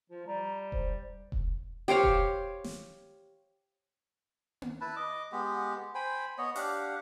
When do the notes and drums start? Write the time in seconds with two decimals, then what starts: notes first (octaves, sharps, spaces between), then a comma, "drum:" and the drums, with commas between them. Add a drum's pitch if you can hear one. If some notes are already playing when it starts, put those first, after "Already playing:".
0.10 F3 F4
0.27 G3 A#5
0.72 C5, drum: kick E1
1.32 drum: kick E1
1.88 G4 C5 C#5 F5
2.03 drum: kick E1
2.64 drum: snare
4.62 drum: tom A#3
4.81 E4 B4 A5
4.96 D#5 D6
5.32 G#3 B3 G4
5.95 C5 G5 G#5 B5
6.38 B3 C#5 D#5
6.56 D4 G4 F5 F#5, drum: open hi-hat